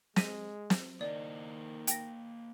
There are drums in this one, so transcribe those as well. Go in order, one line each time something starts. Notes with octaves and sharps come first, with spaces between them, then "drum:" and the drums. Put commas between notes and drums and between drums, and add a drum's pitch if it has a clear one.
G#3 A#6 B6 D#7, drum: snare
drum: snare
D#3 A#3 C5 D5 D#5
G5 A#6, drum: hi-hat